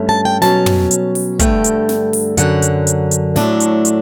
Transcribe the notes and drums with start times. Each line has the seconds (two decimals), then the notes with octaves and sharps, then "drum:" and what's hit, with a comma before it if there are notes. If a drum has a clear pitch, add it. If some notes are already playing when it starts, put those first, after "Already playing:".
Already playing: G2 A3 C#4
0.09 A5
0.25 G5
0.42 B2 F#3 C#4 A5, drum: snare
0.66 drum: tom
0.91 drum: hi-hat
1.15 drum: open hi-hat
1.39 G2 D3 A3 C#4 G5, drum: kick, hi-hat
1.64 drum: hi-hat
1.89 drum: snare
2.13 drum: open hi-hat
2.37 F#2 D3 F#3 F#5, drum: hi-hat
2.62 drum: hi-hat
2.87 drum: hi-hat
3.11 drum: hi-hat
3.36 A2 F#3 A3 D4, drum: snare
3.60 drum: hi-hat
3.85 drum: hi-hat